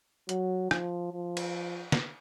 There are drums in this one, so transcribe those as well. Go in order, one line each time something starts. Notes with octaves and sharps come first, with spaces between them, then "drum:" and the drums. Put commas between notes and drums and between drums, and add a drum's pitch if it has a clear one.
F#3, drum: hi-hat
F3, drum: rim click
F3
drum: cymbal
drum: snare